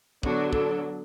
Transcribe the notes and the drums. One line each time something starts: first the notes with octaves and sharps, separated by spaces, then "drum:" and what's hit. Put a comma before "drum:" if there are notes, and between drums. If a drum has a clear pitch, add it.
D3 F#3 B3 D4 F#4, drum: kick
A4, drum: kick